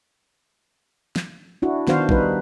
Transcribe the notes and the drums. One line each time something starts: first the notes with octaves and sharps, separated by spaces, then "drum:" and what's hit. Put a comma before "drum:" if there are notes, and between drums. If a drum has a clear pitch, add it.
drum: snare
D4 E4 F#4
D#3 B3 D4 F#4 C5 F5, drum: snare
G3 D#4 B4, drum: kick